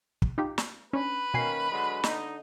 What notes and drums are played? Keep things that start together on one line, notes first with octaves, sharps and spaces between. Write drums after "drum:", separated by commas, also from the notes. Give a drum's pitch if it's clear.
drum: kick
D#4 F4 G4
drum: snare
C#4 D4 B4
B2 D#3 A#3 C#4 G#5 C7
D3 F#3 G#3
D3 D#4, drum: snare